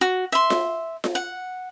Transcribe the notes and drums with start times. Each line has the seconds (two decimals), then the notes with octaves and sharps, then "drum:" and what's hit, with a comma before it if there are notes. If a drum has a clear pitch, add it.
0.01 F#4
0.32 E5 C6
0.50 drum: snare F4
1.04 drum: snare F4
1.15 F#5